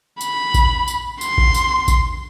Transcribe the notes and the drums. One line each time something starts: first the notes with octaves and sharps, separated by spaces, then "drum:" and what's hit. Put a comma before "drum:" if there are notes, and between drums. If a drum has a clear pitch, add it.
B5, drum: tambourine
drum: kick A#1, tambourine
drum: tambourine
C6, drum: tambourine
drum: kick A#1
drum: tambourine
drum: kick A#1, tambourine